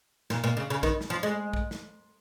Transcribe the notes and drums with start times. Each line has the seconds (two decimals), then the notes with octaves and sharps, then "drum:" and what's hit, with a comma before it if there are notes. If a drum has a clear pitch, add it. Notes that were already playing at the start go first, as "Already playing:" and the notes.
0.30 A#2, drum: snare
0.44 A#2
0.57 C#3
0.70 C#3
0.83 D#3, drum: kick
1.01 drum: snare
1.10 F3
1.23 G#3
1.53 drum: kick
1.71 drum: snare